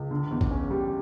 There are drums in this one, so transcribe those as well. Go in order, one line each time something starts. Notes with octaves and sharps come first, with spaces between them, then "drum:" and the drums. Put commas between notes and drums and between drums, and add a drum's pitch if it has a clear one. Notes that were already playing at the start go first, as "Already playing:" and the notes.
Already playing: C#2
D3
E2
drum: kick G#1
C#4
G3